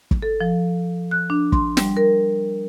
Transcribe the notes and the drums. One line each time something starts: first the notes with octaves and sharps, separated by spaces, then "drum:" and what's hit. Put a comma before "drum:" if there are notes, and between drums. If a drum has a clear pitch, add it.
drum: kick
A4
F3
F#6
D4
C6, drum: kick
G3, drum: snare
A#4